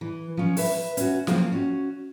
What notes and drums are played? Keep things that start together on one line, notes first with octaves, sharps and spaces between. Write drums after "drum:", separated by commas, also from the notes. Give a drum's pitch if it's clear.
E3
F3 C#4
B4 E5, drum: open hi-hat
C#4 F#4, drum: hi-hat
F3 F#3 A#3 C4 C#4 F4, drum: snare
C#4 F#4